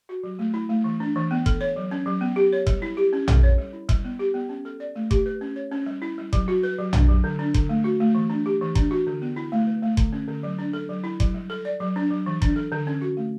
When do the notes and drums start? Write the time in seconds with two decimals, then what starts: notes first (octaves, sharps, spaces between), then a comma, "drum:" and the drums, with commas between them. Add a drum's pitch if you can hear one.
0.09 F#4
0.23 F#3
0.39 A3
0.54 E4
0.69 A3
0.84 E3
1.00 D4
1.16 E3
1.31 B3
1.46 A4, drum: kick F#1
1.61 C#5
1.76 F#3
1.91 C#4
2.06 F#3
2.21 B3
2.36 G4
2.53 C#5
2.67 G3, drum: kick F#1
2.82 E4
2.97 G4
3.13 C#4
3.28 A4, drum: tom
3.43 C#5
3.58 G3
3.73 E4
3.89 G3, drum: kick F#1
4.04 B3
4.19 G4
4.34 B3
4.49 C#4
4.65 A4
4.80 D5
4.96 A3
5.11 G4, drum: kick F#1
5.26 B4
5.41 C#4
5.56 C#5
5.72 C#4
5.86 G3
6.02 E4
6.18 G3
6.33 F#3, drum: kick F#1
6.48 F#4
6.63 B4
6.79 F#3
6.93 D4, drum: tom
7.08 F#3
7.24 D3
7.39 D4
7.54 D3, drum: kick F#1
7.69 A3
7.84 F#4
8.00 A3
8.15 E3
8.30 D4
8.46 G4
8.61 E3
8.75 D4, drum: kick F#1
8.91 F#4
9.07 D3
9.22 B3
9.36 E4
9.52 A3
9.67 B4
9.82 A3
9.97 D3, drum: kick F#1
10.13 C#4
10.28 D3
10.43 F#3
10.59 D4
10.73 A4
10.89 F#3
11.04 E4
11.20 F#3, drum: kick F#1
11.34 G3
11.50 A4
11.65 D5
11.80 F#3
11.96 D4
12.10 F#3
12.26 E3
12.42 D4, drum: kick F#1
12.56 A4
12.72 D3
12.87 C#4
13.02 F#4
13.17 A3